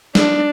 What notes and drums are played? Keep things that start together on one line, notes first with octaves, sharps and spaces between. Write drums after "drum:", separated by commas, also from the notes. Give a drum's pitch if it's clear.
D4, drum: snare